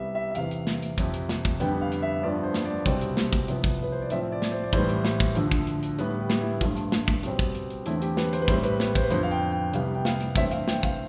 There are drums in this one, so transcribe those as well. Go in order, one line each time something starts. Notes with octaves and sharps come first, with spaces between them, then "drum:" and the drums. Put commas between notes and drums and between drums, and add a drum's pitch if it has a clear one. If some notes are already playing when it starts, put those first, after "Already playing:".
Already playing: C2 C3 G3 B3 E5
E5
E5
E2 C3 E3 F5, drum: hi-hat
drum: hi-hat
drum: snare
drum: hi-hat
F2 C3 F3, drum: kick, hi-hat
drum: hi-hat
drum: snare
drum: kick, hi-hat
F2 D3 G3 B3 G5, drum: hi-hat
F5
drum: hi-hat
E5
G2 F3 B3 D5
C5
drum: snare
D5
C2 B2 G3 C4, drum: kick, hi-hat
drum: hi-hat
drum: snare
drum: kick, hi-hat
C2 C3 F3 B3, drum: hi-hat
drum: kick, hi-hat
B4
C5
D5
A2 F3 C4 E5, drum: hi-hat
D5
drum: snare
C5
D5
A2 E3 G3 B3 C5, drum: kick, hi-hat
drum: hi-hat
drum: snare
drum: kick, hi-hat
D2 D3 F3, drum: hi-hat
drum: kick, hi-hat
drum: hi-hat
drum: hi-hat
A2 G3 B3 B4, drum: hi-hat
G4
drum: snare
E4
G2 F3 A3 F4, drum: kick, hi-hat
drum: hi-hat
drum: snare
drum: kick, hi-hat
B2 G3 C4, drum: hi-hat
drum: kick, hi-hat
drum: hi-hat
drum: hi-hat
E2 D3 A3 C4 E4, drum: hi-hat
G4, drum: hi-hat
B4, drum: snare
C5, drum: hi-hat
B4
A2 G3 C4 C5, drum: kick, hi-hat
B4, drum: hi-hat
B4, drum: snare
C5, drum: kick, hi-hat
B4
F2 D3 F3 B3 C5, drum: hi-hat
F5
G5
G5
C2 C3 G3 B3 F5, drum: hi-hat
G5
F5, drum: snare
drum: hi-hat
G2 E3 A3 C4 E5, drum: kick, hi-hat
F5, drum: hi-hat
G5, drum: snare
F5, drum: kick, hi-hat